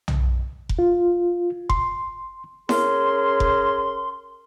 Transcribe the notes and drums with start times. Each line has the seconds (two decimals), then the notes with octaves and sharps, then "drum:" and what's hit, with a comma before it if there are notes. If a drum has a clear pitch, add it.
0.08 drum: tom B1
0.69 drum: kick F1
0.79 F4
1.70 C6, drum: kick F1
2.69 C#4 G#4 A#4 C6, drum: snare E4
3.40 drum: kick F1